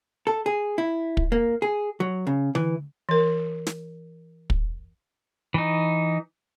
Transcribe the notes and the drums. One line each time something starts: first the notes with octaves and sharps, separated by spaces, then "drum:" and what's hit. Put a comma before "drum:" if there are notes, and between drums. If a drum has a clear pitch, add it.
A4
G#4
E4
drum: kick
A#3
G#4
F#3
C#3
E3, drum: tom D3
E3 A#4
drum: snare
drum: kick
E3 D#4